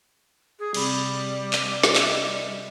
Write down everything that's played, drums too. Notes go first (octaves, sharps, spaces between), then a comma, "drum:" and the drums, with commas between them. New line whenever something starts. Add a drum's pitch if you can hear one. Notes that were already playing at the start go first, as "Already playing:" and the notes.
G#4
C3 G3 C4 B5, drum: cymbal
drum: clap
drum: snare
D#5 E5, drum: clap